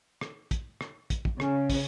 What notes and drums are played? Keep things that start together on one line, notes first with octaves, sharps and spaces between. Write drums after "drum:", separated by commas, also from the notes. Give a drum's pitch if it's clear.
drum: rim click
drum: kick, hi-hat
drum: rim click
drum: kick, hi-hat
drum: kick
C#3 C#4, drum: rim click
drum: kick, open hi-hat